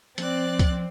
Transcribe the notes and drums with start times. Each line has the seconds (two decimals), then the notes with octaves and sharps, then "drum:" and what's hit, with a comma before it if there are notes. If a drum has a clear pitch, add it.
0.18 F3 C4 D5 F#6 A6, drum: hi-hat
0.59 drum: kick, hi-hat